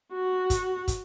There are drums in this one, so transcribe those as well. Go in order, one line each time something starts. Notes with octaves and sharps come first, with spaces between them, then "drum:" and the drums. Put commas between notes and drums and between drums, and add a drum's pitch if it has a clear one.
F#4
drum: kick, hi-hat
drum: kick, hi-hat